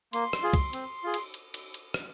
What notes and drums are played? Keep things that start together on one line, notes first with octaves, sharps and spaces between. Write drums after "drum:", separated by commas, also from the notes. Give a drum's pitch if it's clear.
A#3 C6, drum: cymbal
drum: rim click
F4 G#4
drum: kick, cymbal
C4, drum: cymbal
F4 G#4
drum: cymbal
drum: cymbal
drum: cymbal
drum: cymbal
drum: rim click